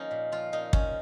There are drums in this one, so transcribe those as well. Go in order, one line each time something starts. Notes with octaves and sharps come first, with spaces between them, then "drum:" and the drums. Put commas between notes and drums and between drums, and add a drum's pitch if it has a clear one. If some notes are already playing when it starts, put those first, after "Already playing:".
Already playing: F3 A#3 C#4 D#4
A#2
F3 F4
A#2 D#4
F3 C#4, drum: kick